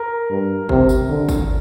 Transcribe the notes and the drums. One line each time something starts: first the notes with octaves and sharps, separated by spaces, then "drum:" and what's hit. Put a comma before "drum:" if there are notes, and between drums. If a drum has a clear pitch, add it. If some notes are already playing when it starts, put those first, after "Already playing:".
Already playing: A#4
G2
C3, drum: kick
drum: tambourine
D3
drum: kick, tambourine